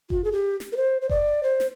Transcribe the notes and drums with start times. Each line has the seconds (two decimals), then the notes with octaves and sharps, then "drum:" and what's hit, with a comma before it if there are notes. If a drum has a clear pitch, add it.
0.10 F4, drum: kick F#1
0.24 G#4
0.32 G4
0.60 drum: snare
0.72 A#4
0.77 C5
1.02 C5
1.10 D5, drum: kick F#1
1.43 C5
1.60 drum: snare